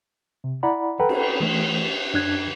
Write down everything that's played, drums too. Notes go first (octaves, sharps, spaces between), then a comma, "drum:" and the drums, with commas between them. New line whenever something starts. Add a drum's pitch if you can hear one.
C3
E4 D5 F#5 A#5 B5
A4 B4 F#5 G5 A#5 B5
drum: cymbal
E3 A3
F#2 D4 F#6 G#6